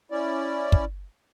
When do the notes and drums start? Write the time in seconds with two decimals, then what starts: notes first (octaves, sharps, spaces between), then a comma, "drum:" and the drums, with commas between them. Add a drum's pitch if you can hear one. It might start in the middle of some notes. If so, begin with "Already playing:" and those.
0.11 C#4 E4 D5
0.72 drum: kick